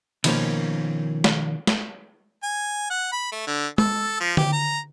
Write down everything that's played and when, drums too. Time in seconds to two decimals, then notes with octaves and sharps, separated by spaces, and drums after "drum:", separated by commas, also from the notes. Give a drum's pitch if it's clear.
0.24 B2 D#3 F3 G3 A#3 C#4, drum: cymbal
1.24 drum: snare
1.67 drum: snare
2.43 G#5
2.90 F#5
3.12 B5
3.32 A3
3.47 D3
3.78 A4, drum: tom G#3
4.20 F3
4.37 G4, drum: tom D3
4.52 A#5